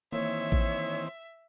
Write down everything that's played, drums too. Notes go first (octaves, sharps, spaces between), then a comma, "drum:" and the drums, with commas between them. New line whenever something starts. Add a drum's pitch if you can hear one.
D#3 E3 A#3 C4 C#5 E5
drum: kick A1